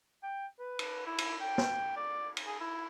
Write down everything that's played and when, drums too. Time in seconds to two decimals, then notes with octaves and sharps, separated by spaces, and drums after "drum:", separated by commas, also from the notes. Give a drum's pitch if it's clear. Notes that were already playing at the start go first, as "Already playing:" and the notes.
0.23 G5
0.59 B4
0.79 drum: cymbal
1.06 E4
1.18 drum: cymbal
1.41 G5
1.58 drum: snare
1.96 D5
2.37 drum: cymbal
2.47 G#4
2.60 E4